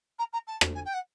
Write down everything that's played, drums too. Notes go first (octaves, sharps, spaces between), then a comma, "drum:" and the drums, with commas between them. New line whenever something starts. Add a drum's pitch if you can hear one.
A#5
A#5
A5
drum: rim click
G#5
G5
F#5